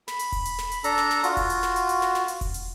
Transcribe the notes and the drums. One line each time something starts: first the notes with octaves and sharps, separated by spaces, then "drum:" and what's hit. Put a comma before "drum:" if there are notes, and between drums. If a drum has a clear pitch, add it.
B5, drum: snare
drum: hi-hat
drum: kick E1, open hi-hat
drum: hi-hat
drum: snare
drum: hi-hat
D4 A4 A#5, drum: hi-hat
drum: snare
drum: snare
F4 F#4, drum: hi-hat
drum: kick E1, open hi-hat
drum: hi-hat
drum: snare
drum: hi-hat
drum: hi-hat
drum: snare
drum: snare
drum: hi-hat
drum: kick E1, open hi-hat
drum: hi-hat